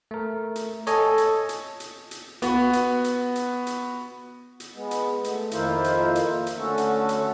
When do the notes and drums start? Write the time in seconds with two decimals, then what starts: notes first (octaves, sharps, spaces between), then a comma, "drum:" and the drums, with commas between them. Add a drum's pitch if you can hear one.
0.11 A3 A#4
0.56 drum: hi-hat
0.87 A4 C#5 D#5 G#5, drum: hi-hat
1.18 drum: hi-hat
1.49 drum: hi-hat
1.80 drum: hi-hat
2.11 drum: hi-hat
2.42 B3 F#4, drum: hi-hat
2.73 drum: hi-hat
3.04 drum: hi-hat
3.35 drum: hi-hat
3.67 drum: hi-hat
4.60 drum: hi-hat
4.74 G#3 B3
4.91 drum: hi-hat
5.24 A3, drum: hi-hat
5.51 F2 D#3 A#3 E4 F4 C5, drum: hi-hat
5.84 drum: hi-hat
6.15 drum: hi-hat
6.46 drum: hi-hat
6.58 D3 A3 C#4 F#4 A4
6.78 drum: hi-hat
7.09 drum: hi-hat